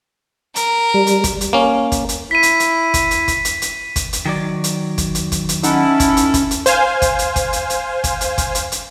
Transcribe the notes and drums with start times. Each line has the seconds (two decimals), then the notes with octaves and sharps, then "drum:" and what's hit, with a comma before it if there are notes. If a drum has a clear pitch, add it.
0.56 A#4, drum: hi-hat
0.94 G3
1.07 drum: hi-hat
1.24 drum: kick, hi-hat
1.41 drum: hi-hat
1.53 A#3 C#4
1.92 drum: kick, hi-hat
2.09 drum: hi-hat
2.31 E4 B6 D#7
2.43 drum: hi-hat
2.60 drum: hi-hat
2.94 drum: kick, hi-hat
3.11 drum: hi-hat
3.28 drum: kick, hi-hat
3.45 drum: hi-hat
3.62 drum: hi-hat
3.96 drum: kick, hi-hat
4.13 drum: hi-hat
4.25 D#3 F#3 D5
4.64 drum: hi-hat
4.98 drum: kick, hi-hat
5.15 drum: hi-hat
5.32 drum: kick, hi-hat
5.49 drum: hi-hat
5.63 C#4 D#4 E4 A4 F#5, drum: hi-hat
6.00 drum: kick, hi-hat
6.17 drum: hi-hat
6.34 drum: kick, hi-hat
6.51 drum: hi-hat
6.66 C5 F5 G#5, drum: hi-hat
7.02 drum: kick, hi-hat
7.19 drum: hi-hat
7.36 drum: kick, hi-hat
7.53 drum: hi-hat
7.70 drum: hi-hat
8.04 drum: kick, hi-hat
8.21 drum: hi-hat
8.38 drum: kick, hi-hat
8.55 drum: hi-hat
8.72 drum: hi-hat